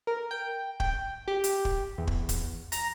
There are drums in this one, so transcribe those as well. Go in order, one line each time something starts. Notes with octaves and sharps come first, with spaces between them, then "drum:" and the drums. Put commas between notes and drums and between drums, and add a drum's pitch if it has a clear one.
A#4
G5
G5, drum: kick
G4
drum: hi-hat
drum: kick
E2
drum: kick
drum: kick, hi-hat
A#5, drum: hi-hat